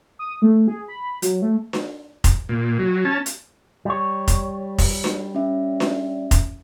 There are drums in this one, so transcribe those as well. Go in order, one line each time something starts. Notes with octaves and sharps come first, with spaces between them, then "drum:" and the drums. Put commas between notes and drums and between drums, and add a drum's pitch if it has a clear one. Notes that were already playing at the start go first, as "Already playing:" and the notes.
D#6
A3
G#4
B5
F#3, drum: hi-hat
A3
drum: snare D4
drum: kick, hi-hat
A#2
F#3
C#4 A5
drum: hi-hat
G3 C#5
drum: kick, hi-hat
drum: kick, open hi-hat
drum: snare D4
C#4 E5
drum: snare D4
drum: kick, hi-hat